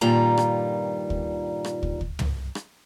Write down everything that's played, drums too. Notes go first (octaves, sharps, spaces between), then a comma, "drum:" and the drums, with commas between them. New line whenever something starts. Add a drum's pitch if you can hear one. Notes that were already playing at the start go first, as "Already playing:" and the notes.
G2 A#2 D#3 G3 F4 A#5
drum: rim click
drum: kick
drum: rim click
drum: kick
drum: kick
drum: tom
drum: rim click